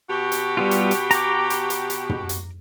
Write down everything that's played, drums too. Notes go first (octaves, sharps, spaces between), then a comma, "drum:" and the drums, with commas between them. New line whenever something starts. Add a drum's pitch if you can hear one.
B2 F#4 G4
drum: hi-hat
G3 B3 F4
drum: hi-hat
drum: hi-hat
A#5 D6, drum: hi-hat
drum: hi-hat
drum: hi-hat
drum: hi-hat
drum: tom
drum: hi-hat